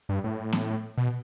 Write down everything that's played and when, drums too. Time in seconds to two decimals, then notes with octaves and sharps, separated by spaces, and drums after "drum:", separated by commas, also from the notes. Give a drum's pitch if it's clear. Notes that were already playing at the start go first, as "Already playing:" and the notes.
0.09 G2
0.24 A2
0.53 drum: snare B3
0.98 B2